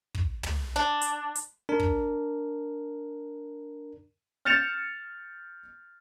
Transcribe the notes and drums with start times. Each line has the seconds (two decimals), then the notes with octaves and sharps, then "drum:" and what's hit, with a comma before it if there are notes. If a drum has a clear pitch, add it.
0.14 drum: kick
0.43 drum: tom
0.76 D4
1.01 drum: hi-hat
1.35 drum: hi-hat
1.69 D4 A#4
1.80 drum: kick
4.45 F6 G6 A6 C#7 E7 F7